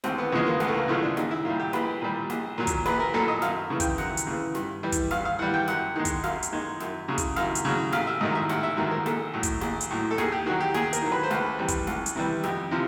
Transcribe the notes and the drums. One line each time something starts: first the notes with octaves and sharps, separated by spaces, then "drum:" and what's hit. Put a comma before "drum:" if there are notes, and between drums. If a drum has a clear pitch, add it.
C#2 C4, drum: snare
B3
C#3 F3 G#3 B3
A#3
C#2 B3, drum: snare
A3
A#3
C#3 F3 G#3 A3
D4
A#1 D#4, drum: snare
E4
A#2 G3 F4
G4
A#1 B4, drum: snare
A#2 G3
A#1, drum: snare
A#2 F#3
drum: kick, hi-hat
A#1 B4, drum: snare
A#4
A#2 F#3 A4
D#5
F#2 F5, drum: snare
C#3 E3
G5, drum: kick, hi-hat
F#2 F#5, drum: snare
drum: hi-hat
C#3 E3
G2, drum: snare
E3 G3
drum: kick, hi-hat
G2 F5, drum: snare
F5
E3 G3 F#5
G5
F#2 F#5, drum: snare
D#3 G#3
drum: kick, hi-hat
F#2 F5, drum: snare
drum: hi-hat
D#3 G#3
F#2, drum: snare
C#3 F#3
drum: kick, hi-hat
F#2 F5, drum: snare
drum: hi-hat
C#3 F#3
A1 F5, drum: snare
E5
G#2 D#3 F#3 D#5
E5
A1 F#5, drum: snare
E5
G#2 D#3 F#3
A#4
A#1 A4, drum: snare
A2 F#3
drum: kick, hi-hat
A#1, drum: snare
drum: hi-hat
A2 F#3
A4
D#2 G#4, drum: snare
G4
D#3 F#3 F#4
G4
D#2 G#4, drum: snare
A#4, drum: hi-hat
D#3 F#3
B4
C5
C#2 B4, drum: snare
C3 E3 G3
drum: kick, hi-hat
C#2, drum: snare
drum: hi-hat
C3 E3 G3
F2 G4, drum: snare
C3 F3